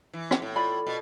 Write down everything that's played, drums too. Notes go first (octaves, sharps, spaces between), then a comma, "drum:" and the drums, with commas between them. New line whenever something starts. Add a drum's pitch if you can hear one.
E3
drum: rim click
A2
F4 D5 B5
B2